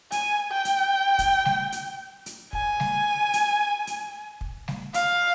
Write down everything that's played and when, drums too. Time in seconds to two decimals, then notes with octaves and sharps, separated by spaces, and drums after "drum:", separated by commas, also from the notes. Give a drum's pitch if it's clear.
0.12 G#5, drum: hi-hat
0.51 G5
0.65 drum: hi-hat
1.19 drum: kick, hi-hat
1.45 drum: snare G3
1.72 drum: hi-hat
2.26 drum: hi-hat
2.53 G#5, drum: kick
2.80 drum: snare G3
3.33 drum: hi-hat
3.87 drum: hi-hat
4.41 drum: kick
4.68 drum: snare G3
4.94 F5, drum: hi-hat